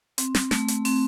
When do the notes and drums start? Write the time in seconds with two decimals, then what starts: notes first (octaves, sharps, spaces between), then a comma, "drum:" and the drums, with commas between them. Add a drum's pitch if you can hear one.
0.18 C4, drum: hi-hat
0.35 drum: snare
0.51 A3, drum: snare
0.68 drum: hi-hat
0.85 C4, drum: open hi-hat